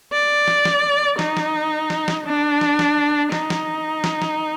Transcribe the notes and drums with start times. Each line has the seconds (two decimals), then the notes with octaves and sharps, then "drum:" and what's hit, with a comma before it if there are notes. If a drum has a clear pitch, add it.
0.13 D5
0.48 drum: snare
0.65 drum: snare
1.19 D#4, drum: snare
1.37 drum: snare
1.90 drum: snare
2.08 drum: snare
2.26 D4
2.61 drum: snare
2.79 drum: snare
3.32 D#4, drum: snare
3.50 drum: snare
4.04 drum: snare
4.22 drum: snare